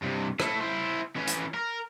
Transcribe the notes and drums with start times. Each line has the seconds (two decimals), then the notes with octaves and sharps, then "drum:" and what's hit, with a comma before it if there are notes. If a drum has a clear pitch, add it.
0.03 G2 C3
0.40 A3 E4, drum: rim click
0.61 E4 C5
1.16 E3 C#4
1.27 drum: hi-hat
1.54 A#4